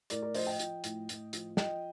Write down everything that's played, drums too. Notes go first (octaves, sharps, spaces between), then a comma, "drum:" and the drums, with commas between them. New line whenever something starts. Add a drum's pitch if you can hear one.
A2 A#4 D5, drum: hi-hat
A#4 D5
F3 C5 D#5, drum: open hi-hat
D#5 G5
F3, drum: hi-hat
A2, drum: hi-hat
A2, drum: hi-hat
F3, drum: hi-hat
F3 D#5 G5, drum: snare